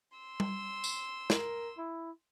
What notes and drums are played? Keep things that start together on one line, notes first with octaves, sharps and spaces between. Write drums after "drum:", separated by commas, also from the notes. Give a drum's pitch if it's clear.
C6 E6
drum: tom G3
drum: tambourine
A#4, drum: snare
E4